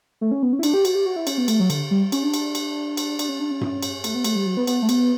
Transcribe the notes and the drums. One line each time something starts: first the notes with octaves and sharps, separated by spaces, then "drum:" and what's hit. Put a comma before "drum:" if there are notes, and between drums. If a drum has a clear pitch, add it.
A3
C#4
B3
C#4
E4
D4, drum: cymbal
G4
F#4, drum: cymbal
G4
F#4
E4
C#4, drum: cymbal
B3
A3, drum: cymbal
F#3
D3, drum: cymbal
G3
C#4, drum: cymbal
D4
drum: cymbal
drum: cymbal
drum: cymbal
D4, drum: cymbal
C#4
D4
C#4
drum: tom G2
drum: cymbal
A3, drum: cymbal
B3
A3, drum: cymbal
G3
F#3
B3
B3, drum: cymbal
A3
B3, drum: cymbal